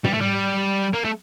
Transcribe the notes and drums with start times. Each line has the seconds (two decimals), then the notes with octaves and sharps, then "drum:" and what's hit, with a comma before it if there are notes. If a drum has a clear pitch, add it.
0.04 G3, drum: tom
0.13 A3
0.21 G3
0.94 A#3
1.05 A3